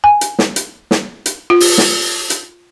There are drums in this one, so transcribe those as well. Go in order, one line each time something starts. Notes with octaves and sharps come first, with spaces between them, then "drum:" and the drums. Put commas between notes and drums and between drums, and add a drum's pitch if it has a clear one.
G#5
drum: hi-hat
drum: snare
drum: hi-hat
drum: snare
drum: hi-hat
F4
drum: open hi-hat
drum: snare
drum: hi-hat